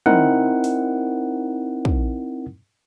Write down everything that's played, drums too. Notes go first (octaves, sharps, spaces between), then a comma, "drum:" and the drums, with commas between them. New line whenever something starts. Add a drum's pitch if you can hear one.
C4 D#4 E4 A#4 F#5, drum: tom
drum: open hi-hat
drum: kick